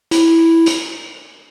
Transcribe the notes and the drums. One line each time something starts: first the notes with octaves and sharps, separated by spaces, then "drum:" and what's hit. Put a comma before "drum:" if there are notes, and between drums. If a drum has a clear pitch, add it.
E4, drum: hi-hat
drum: hi-hat